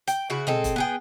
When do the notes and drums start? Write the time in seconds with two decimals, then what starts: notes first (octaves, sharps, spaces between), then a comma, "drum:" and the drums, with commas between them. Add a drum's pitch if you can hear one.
0.07 G5, drum: hi-hat
0.30 C#3 E4 F#4
0.47 G#3 C4 A4, drum: tom
0.64 drum: kick E1, hi-hat
0.76 B3 G#4 G5